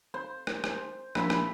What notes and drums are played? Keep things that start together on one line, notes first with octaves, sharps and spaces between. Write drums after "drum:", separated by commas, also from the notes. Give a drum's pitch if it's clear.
C5
drum: rim click
drum: rim click
A#1 E4 B5 C6, drum: rim click
drum: rim click